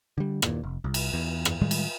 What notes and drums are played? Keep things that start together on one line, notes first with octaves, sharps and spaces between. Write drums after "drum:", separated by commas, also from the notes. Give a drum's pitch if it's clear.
D3 G3
D#2 A#2, drum: rim click
F1
C2
drum: cymbal
E2
drum: rim click
A2 D#3 G3 G#3
drum: cymbal